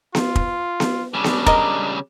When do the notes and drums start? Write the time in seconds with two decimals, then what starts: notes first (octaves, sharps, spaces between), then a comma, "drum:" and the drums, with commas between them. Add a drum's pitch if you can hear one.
0.15 F4, drum: snare B3
0.36 drum: kick
0.80 drum: snare B3
1.14 C#3 G3 D4
1.24 drum: snare B3
1.46 A#4 D#5, drum: kick